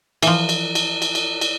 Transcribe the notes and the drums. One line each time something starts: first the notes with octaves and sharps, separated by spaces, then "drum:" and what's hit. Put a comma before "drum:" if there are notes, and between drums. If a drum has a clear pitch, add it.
E3 F3, drum: cymbal
drum: cymbal
drum: cymbal
drum: cymbal
drum: cymbal
drum: cymbal